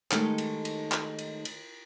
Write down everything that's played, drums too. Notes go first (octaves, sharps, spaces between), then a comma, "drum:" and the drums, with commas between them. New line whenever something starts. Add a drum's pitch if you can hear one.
D#3 G#3 A3 D#4 G4 A4, drum: clap
drum: cymbal
drum: cymbal
drum: clap
drum: cymbal
drum: cymbal